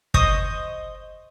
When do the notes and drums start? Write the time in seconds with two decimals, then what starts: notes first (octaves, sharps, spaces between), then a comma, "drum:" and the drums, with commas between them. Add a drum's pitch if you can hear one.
0.14 C5 D#5 C#6 D#6, drum: kick